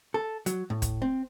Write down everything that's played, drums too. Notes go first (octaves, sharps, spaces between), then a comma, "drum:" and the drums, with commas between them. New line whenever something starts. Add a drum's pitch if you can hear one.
A4
F#3, drum: hi-hat
A2
drum: kick, hi-hat
C4